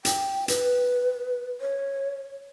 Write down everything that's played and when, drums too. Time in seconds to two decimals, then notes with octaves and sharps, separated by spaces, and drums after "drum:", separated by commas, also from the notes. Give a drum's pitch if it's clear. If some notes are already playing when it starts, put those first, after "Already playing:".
0.05 G5, drum: hi-hat
0.48 B4, drum: hi-hat
1.61 C#5